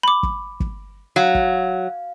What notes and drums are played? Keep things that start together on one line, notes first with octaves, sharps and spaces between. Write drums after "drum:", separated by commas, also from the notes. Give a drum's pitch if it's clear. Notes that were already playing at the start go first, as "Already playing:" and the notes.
B5 D6
drum: kick
drum: kick
F#3 F5
drum: kick